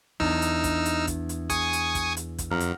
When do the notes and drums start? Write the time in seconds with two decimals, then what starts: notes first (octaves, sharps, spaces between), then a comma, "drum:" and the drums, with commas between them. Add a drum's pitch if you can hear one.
0.20 E2 D4 D#4 E6 F6, drum: kick
0.42 drum: hi-hat
0.64 drum: kick, hi-hat
0.85 drum: hi-hat
1.07 drum: kick, hi-hat
1.29 drum: hi-hat
1.50 G#4 G#5 C#6 D#6, drum: kick, hi-hat
1.73 drum: hi-hat
1.95 drum: kick, hi-hat
2.17 drum: hi-hat
2.38 drum: kick, hi-hat
2.51 F2 F#5 A#5 F6
2.60 drum: hi-hat